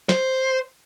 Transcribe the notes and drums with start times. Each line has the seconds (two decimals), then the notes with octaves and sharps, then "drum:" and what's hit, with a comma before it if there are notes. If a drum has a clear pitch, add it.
0.09 C5, drum: snare